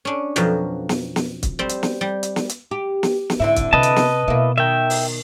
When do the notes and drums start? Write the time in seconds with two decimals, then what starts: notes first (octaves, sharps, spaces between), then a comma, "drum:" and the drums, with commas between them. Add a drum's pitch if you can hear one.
0.05 C#4 D4
0.36 F2 B2 F3 F#3, drum: hi-hat
0.89 drum: snare
1.16 drum: snare
1.43 drum: kick, hi-hat
1.59 G3 C4
1.69 drum: hi-hat
1.83 drum: snare
2.01 G3
2.23 drum: hi-hat
2.36 drum: snare
2.49 drum: hi-hat
2.71 G4
3.03 drum: snare
3.30 drum: snare
3.40 G#2 D3 C4 E4
3.56 drum: kick, hi-hat
3.73 C3 B4 D#5 A5
3.83 drum: hi-hat
3.96 drum: snare
4.28 B2 A#3 E4
4.58 D#3 E5 G5
4.90 drum: open hi-hat